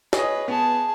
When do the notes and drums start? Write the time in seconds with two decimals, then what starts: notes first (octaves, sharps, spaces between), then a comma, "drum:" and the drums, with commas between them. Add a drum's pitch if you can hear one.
0.13 G#4 B4 C#5 D#5, drum: snare
0.48 B3 G#4 A5